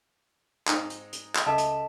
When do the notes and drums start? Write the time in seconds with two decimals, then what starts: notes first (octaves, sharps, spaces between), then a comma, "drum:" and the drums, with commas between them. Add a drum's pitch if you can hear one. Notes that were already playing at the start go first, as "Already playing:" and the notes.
0.67 G#2 C4 D#4, drum: clap
0.90 drum: hi-hat
1.13 drum: hi-hat
1.35 drum: clap
1.46 C#2 A4 D#5 E5 A5
1.58 drum: hi-hat